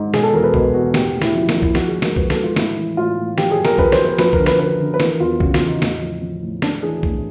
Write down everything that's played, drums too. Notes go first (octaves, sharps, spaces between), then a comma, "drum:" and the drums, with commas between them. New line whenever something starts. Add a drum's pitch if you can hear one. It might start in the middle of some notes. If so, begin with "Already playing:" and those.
Already playing: G#2
B2 G#4, drum: snare
A4
E2 A#4
B4
B2 B4, drum: kick B1
E2 F#4
A2 G4, drum: snare
A2
E4, drum: snare
F3 E4
A#3, drum: snare
F3
E4, drum: kick B1
F3 F#4, drum: snare
G#4
G#2
A#4, drum: snare
F3 B4, drum: kick B1
A4, drum: snare
G#2
F4
A2 E4, drum: snare
E3
A2 F4
A2
F3 G4, drum: snare
G#4
F#2
A#4, drum: snare
F3 B4, drum: kick B1
C5, drum: snare
F#2
B4
F3 B4, drum: snare
A#4, drum: kick B1
D3
B4, drum: snare
D3 B4
D3
B4
E3 A#4, drum: snare
E2 F4
C#3 F#4, drum: kick B1
F4, drum: snare
E2
D#4
A2, drum: snare
F3
F3
A2
A2 D4, drum: snare
E3 G#4
A2, drum: kick B1